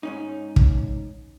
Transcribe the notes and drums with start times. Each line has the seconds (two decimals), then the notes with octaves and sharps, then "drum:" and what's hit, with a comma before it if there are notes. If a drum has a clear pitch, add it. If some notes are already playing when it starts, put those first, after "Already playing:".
0.03 G#2 C#4 D#4
0.56 drum: kick